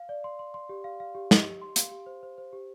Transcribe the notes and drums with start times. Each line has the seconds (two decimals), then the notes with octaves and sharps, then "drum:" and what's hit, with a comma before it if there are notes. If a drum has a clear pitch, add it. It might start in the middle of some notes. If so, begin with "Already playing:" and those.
Already playing: F5
0.09 D5
0.24 C6
0.39 C6
0.54 C6
0.69 G4
0.84 F5
1.00 F5
1.15 G4
1.31 G4, drum: snare
1.46 G4
1.62 C6
1.76 F5, drum: hi-hat
1.91 G4
2.06 C5
2.23 C5
2.38 C5
2.53 G4